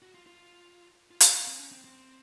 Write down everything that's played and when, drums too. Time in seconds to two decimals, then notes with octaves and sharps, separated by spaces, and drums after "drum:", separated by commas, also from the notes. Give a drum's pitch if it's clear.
0.02 F#4
0.14 F4
0.27 F4
1.11 F4
1.20 E4, drum: hi-hat
1.29 F4
1.48 C4
1.59 C#4
1.72 C4
1.84 C4